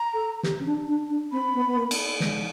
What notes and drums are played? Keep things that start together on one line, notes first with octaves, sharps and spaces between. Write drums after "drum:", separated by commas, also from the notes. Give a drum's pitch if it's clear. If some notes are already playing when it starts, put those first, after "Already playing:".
Already playing: A#5
A4
G4, drum: snare
C#4
D4
D4
D4
C4 B5
B3
B3
A#3
drum: cymbal
G#3, drum: snare